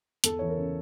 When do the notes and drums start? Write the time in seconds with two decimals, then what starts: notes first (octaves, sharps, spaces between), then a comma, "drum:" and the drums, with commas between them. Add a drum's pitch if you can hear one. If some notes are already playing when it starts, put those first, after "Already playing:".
0.24 E2 A4, drum: hi-hat
0.39 E3 C#5
0.49 A#4
0.57 C#3